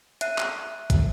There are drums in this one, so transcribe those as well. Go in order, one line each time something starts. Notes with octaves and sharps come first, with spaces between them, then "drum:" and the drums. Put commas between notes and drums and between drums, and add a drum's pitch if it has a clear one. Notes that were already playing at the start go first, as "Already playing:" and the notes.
E5 F#6 C7 D#7, drum: hi-hat
drum: clap
drum: kick, hi-hat